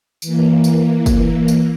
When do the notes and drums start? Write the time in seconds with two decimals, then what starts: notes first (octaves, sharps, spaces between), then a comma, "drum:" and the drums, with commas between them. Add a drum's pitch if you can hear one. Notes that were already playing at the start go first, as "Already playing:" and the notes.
0.22 E3 A#3, drum: tambourine
0.64 drum: tambourine
1.06 drum: kick, tambourine
1.48 drum: tambourine